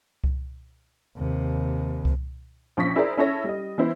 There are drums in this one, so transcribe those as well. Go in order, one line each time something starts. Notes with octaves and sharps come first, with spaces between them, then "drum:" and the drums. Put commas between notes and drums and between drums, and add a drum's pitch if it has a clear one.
drum: kick C2
D#2 C3
drum: kick C2
A#1 F3 C#4 C#6 A#6 B6
E4 G#4 A#4 C5 D5 A#5
C#4 E4 A4 C#5 E5 A#6
G3 D#5
E3 B3 E4 C5 E5